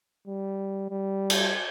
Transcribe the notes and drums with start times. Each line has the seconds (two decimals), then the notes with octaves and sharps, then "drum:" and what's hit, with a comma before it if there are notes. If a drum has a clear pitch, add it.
0.28 G3
0.90 G3
1.30 drum: cymbal